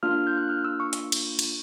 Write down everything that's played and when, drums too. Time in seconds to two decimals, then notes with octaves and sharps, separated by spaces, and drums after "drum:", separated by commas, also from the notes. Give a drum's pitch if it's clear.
0.03 A#3 D4 F4 F6
0.27 G6
0.37 F#6
0.49 F6
0.64 E6
0.80 C#6
0.93 drum: hi-hat
1.12 drum: cymbal
1.39 drum: cymbal